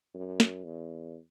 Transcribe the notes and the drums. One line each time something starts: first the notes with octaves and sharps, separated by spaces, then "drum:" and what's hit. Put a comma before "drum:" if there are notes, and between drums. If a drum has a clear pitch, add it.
F#2
drum: snare
E2